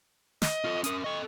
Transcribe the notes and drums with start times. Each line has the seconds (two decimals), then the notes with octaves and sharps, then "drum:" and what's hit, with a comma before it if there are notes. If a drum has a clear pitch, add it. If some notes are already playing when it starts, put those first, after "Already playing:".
0.42 D#5, drum: snare
0.64 F4 A4
0.84 C#4 A#4 D#6, drum: hi-hat
1.04 A4 D#5 C#6